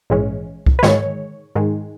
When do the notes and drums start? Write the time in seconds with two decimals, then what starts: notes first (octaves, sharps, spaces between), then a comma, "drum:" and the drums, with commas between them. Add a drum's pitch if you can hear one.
0.10 A#1 G#2 E3 G#3 C#4
0.66 drum: kick C2
0.79 B4
0.83 G#2 D#3 G#3 C#5, drum: snare
1.56 G#2 D#3 G#3